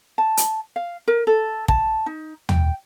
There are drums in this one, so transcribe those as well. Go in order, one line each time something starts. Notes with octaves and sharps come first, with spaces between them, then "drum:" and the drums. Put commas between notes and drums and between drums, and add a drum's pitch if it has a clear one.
A5
drum: hi-hat
F5
A#4
A4
A5, drum: kick
D#4
G5, drum: tom